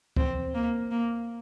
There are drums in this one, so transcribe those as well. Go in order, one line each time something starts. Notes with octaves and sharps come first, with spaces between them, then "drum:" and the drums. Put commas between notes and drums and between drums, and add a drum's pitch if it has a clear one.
C4, drum: kick C#2
A#3
A#3